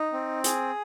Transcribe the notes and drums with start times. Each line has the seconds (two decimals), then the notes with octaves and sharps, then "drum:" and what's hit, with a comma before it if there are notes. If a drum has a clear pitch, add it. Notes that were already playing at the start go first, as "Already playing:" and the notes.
Already playing: D#4
0.13 C4
0.44 G#4, drum: hi-hat